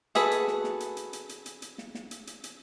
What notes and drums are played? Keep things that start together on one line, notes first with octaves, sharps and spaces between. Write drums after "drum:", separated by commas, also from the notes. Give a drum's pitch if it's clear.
F#4 G#4 A4 B4, drum: hi-hat
drum: hi-hat
drum: snare
drum: snare
drum: hi-hat
drum: hi-hat
drum: hi-hat
drum: hi-hat
drum: hi-hat
drum: hi-hat
drum: snare
drum: snare
drum: hi-hat
drum: hi-hat
drum: hi-hat